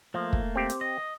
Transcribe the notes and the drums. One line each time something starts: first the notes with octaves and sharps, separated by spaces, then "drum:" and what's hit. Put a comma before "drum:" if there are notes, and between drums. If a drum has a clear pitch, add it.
F3 A3 A#3
drum: kick
C4 G4
drum: hi-hat
D#5